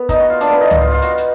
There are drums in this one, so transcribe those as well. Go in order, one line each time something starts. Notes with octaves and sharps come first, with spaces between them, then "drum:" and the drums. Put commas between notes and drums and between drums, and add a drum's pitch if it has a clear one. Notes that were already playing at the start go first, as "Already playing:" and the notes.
Already playing: B3
D#4, drum: kick, hi-hat
F#4
F4
D4, drum: hi-hat
B3
D#4
F4, drum: tom C#2
F4
F4
F#4, drum: hi-hat
drum: hi-hat